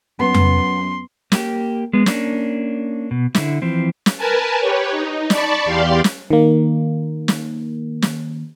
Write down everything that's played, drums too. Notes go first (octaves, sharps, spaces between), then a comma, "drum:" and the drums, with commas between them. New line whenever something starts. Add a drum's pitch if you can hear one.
F#2 B3 C6
drum: tom F2
A#3 G4, drum: snare
G#3 B3
A#3 C#4 D4, drum: snare
B2
D3 E4, drum: snare
E3 F3 C4
drum: snare
A#4 B4 G#5 A5
G4 B4 C#5
D#4
D5 A5 B5 C#6, drum: snare
E2 G4 D5 F5 C6
drum: snare
D#3 A#3
drum: snare
drum: snare